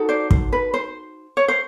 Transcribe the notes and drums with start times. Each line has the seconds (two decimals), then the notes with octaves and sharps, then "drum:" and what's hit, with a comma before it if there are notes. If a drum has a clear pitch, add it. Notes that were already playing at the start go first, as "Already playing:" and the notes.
Already playing: D#4 F#4 A4
0.09 C5 D5
0.31 C5, drum: kick
0.52 B4
0.74 C5
1.37 C#5
1.48 C5